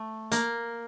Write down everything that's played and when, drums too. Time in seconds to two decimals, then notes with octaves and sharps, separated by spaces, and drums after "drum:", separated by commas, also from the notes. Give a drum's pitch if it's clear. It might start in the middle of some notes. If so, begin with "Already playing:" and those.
Already playing: A3
0.32 A#3, drum: hi-hat